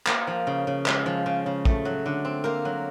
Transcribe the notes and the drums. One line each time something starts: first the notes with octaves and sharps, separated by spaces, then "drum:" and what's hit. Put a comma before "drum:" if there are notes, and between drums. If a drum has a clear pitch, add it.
A#3 A#4 C5, drum: clap
F3
C#3
C#3
G#3, drum: clap
F3
C#3
C#3
A3, drum: kick
F#3
D3
C4
A#3 A#4 C5
F#3